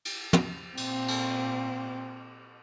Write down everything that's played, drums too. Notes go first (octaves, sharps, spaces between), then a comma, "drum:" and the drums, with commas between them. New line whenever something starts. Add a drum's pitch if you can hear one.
drum: cymbal
drum: tom
A#2 C4, drum: cymbal
drum: cymbal